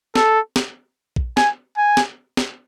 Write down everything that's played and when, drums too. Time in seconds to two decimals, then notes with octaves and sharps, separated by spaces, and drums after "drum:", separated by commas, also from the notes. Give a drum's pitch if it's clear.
0.16 A4, drum: snare
0.56 drum: snare
1.16 drum: kick A#1
1.37 G#5, drum: snare
1.77 G#5
1.97 drum: snare
2.37 drum: snare